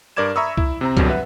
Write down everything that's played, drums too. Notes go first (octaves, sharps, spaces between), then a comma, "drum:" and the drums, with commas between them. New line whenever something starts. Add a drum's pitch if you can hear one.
G2 A#4 D5 D6 G#6 E7
E5 A#5 B5 C#6 D#6 E6
E4, drum: kick C2
C3 C4 A#5
G#1 E2 B2 D3 F#3 G3, drum: kick C2, hi-hat
B4 E5 F#5